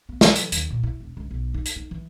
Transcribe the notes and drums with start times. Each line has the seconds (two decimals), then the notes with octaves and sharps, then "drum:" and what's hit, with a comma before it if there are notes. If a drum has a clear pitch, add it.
0.09 B3
0.21 F#3, drum: snare
0.36 drum: hi-hat
0.52 D#2, drum: hi-hat
0.70 A#2
0.83 E4
1.00 E1
1.17 C#2
1.31 B1
1.54 D#4
1.66 drum: hi-hat
1.76 D#4
1.91 E3